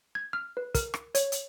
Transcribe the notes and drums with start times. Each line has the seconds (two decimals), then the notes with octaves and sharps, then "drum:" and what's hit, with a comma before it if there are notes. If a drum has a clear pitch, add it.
0.15 G#6
0.33 F6
0.57 B4
0.75 A#4, drum: kick, hi-hat
0.94 drum: rim click
1.15 C#5, drum: hi-hat
1.32 drum: hi-hat